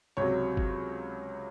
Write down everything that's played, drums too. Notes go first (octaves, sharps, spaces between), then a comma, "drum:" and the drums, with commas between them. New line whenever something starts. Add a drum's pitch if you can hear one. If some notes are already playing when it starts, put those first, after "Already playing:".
C#2 C3 F#3 C#5
drum: kick